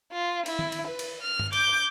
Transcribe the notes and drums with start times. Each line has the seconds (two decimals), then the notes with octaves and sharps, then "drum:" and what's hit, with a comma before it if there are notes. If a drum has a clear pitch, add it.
0.12 F4
0.46 E4, drum: cymbal
0.59 drum: tom D#3
0.72 drum: cymbal
0.87 B4
0.99 drum: cymbal
1.22 F6
1.39 drum: tom G2
1.53 D6 G6, drum: cymbal